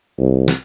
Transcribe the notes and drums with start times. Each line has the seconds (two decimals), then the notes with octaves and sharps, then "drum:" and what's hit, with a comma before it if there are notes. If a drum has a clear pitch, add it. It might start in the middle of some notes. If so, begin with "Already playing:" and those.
0.19 C2
0.48 drum: snare